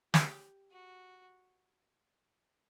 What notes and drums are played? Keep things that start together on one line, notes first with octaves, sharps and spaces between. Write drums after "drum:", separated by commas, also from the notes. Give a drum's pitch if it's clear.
G4, drum: snare
F#4